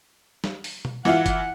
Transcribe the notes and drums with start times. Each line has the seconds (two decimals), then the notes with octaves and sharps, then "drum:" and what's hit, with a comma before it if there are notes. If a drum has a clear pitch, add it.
0.44 drum: snare
0.64 drum: open hi-hat
0.85 drum: tom B2
1.05 E3 E4 F4 F#5, drum: snare
1.26 drum: kick F#1, hi-hat